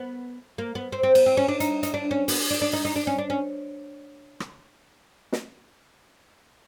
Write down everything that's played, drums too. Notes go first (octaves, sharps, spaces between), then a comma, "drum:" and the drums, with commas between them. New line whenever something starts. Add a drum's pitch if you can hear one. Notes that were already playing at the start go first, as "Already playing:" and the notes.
Already playing: B3
A#3
B3
C4
C4
B3, drum: cymbal
C4
C#4
D4
D#4, drum: hi-hat
D#4, drum: hi-hat
D4
C#4
B3, drum: open hi-hat
D4
D4
D#4
D#4
D4
C#4
D4
C#4
drum: rim click
drum: snare